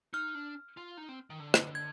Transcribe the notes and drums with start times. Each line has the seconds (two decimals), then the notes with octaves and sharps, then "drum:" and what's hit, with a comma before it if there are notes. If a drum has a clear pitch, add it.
0.13 D#4 F6
0.35 D4
0.77 F4
0.97 D#4
1.09 C4
1.30 D#3
1.40 D3
1.54 drum: rim click
1.75 G#6